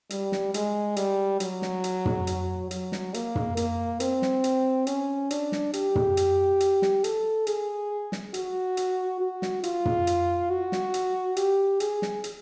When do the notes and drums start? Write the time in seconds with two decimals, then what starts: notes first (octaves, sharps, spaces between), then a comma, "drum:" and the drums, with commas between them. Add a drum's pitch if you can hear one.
0.10 G3, drum: hi-hat
0.32 drum: snare
0.54 G#3, drum: hi-hat
0.96 G3, drum: hi-hat
1.40 F#3, drum: hi-hat
1.62 drum: snare
1.84 drum: hi-hat
2.05 drum: tom
2.27 drum: hi-hat
2.71 F#3, drum: hi-hat
2.92 drum: snare
3.14 A#3, drum: hi-hat
3.35 drum: tom
3.57 A#3, drum: hi-hat
4.00 C4, drum: hi-hat
4.22 drum: snare
4.44 drum: hi-hat
4.87 C#4, drum: hi-hat
5.31 D4, drum: hi-hat
5.52 drum: snare
5.73 G4, drum: hi-hat
5.95 drum: tom
6.17 drum: hi-hat
6.60 drum: hi-hat
6.82 drum: snare
7.04 A4, drum: hi-hat
7.47 G#4, drum: hi-hat
8.12 drum: snare
8.34 F#4, drum: hi-hat
8.77 drum: hi-hat
9.20 F#4
9.42 drum: snare
9.63 F4, drum: hi-hat
9.85 drum: tom
10.07 drum: hi-hat
10.50 F#4
10.72 drum: snare
10.94 drum: hi-hat
11.36 G4, drum: hi-hat
11.80 G#4, drum: hi-hat
12.02 drum: snare
12.24 drum: hi-hat